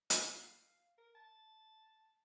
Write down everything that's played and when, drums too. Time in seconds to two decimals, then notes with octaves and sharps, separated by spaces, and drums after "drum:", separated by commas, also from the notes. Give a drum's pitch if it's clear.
0.10 F5, drum: hi-hat
0.98 A#4
1.15 A5